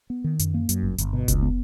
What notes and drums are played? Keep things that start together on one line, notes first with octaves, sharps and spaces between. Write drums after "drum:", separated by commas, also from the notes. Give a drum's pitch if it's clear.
B3
D#3
F#2, drum: hi-hat
A#3
F#2, drum: hi-hat
G1
G1, drum: hi-hat
B2
C#2, drum: kick F1, hi-hat
B3